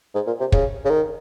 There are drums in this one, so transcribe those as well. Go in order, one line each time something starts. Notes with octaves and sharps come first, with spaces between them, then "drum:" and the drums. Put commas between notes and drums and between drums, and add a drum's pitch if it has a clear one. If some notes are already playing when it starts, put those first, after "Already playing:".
G#2
A#2
C3
C#3, drum: kick
C#3
D#3